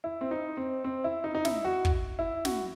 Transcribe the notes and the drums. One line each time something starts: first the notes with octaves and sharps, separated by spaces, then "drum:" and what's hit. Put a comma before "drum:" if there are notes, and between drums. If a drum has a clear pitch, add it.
E4
C4
D#4
C4
C4
E4
D#4
D#4
E4, drum: snare
F#4
drum: kick
E4
F#4, drum: snare